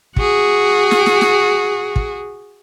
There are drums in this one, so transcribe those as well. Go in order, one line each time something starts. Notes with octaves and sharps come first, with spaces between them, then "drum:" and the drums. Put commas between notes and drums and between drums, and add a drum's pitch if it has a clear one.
F#4 G#4, drum: kick
drum: snare
drum: snare
drum: snare
drum: kick